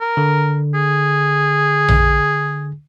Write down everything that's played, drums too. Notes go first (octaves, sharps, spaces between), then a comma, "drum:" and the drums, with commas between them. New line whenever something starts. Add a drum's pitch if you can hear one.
A#4
D3
G#4
drum: tom A#1